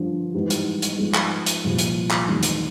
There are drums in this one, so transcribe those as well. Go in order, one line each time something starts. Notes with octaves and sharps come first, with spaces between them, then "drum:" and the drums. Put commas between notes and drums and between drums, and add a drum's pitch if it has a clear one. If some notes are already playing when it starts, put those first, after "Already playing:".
Already playing: G2 D3 F3
G#2 E3 G3 B3
drum: hi-hat
drum: hi-hat
G#2 F3 G#3 B3
drum: clap
drum: hi-hat
C2 A#2 F3 G#3 B3
drum: hi-hat
drum: clap
E2 C3 D#3 F#3 A3
drum: hi-hat